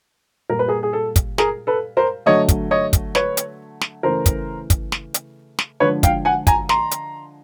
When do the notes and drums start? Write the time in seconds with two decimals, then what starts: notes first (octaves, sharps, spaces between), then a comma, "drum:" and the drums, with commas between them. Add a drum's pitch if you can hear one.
0.49 A#2 G3 A#4
0.59 B4
0.68 G#4 A#4
0.83 G#4
0.93 A4
1.16 drum: kick, hi-hat
1.38 G#4 A#4, drum: snare
1.67 A4 B4
1.97 A#4 C5
2.26 D3 F#3 A3 C#5 D#5
2.49 drum: kick, hi-hat
2.71 C#5 D#5
2.93 drum: kick, hi-hat
3.15 B4 C#5, drum: snare
3.37 drum: hi-hat
3.81 drum: snare
4.03 C#3 E3 A3 A#4 C5
4.26 drum: kick, hi-hat
4.70 drum: kick, hi-hat
4.92 drum: snare
5.14 drum: hi-hat
5.59 drum: snare
5.80 D3 F3 G#3 B4 C#5
6.03 F5 G5, drum: kick, hi-hat
6.25 F#5 G#5
6.47 G#5 A#5, drum: kick, hi-hat
6.69 A#5 C6, drum: snare
6.91 drum: hi-hat